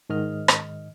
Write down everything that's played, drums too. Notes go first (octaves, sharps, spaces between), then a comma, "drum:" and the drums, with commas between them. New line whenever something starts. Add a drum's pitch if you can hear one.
G#2 D#3 D#5 F6
drum: rim click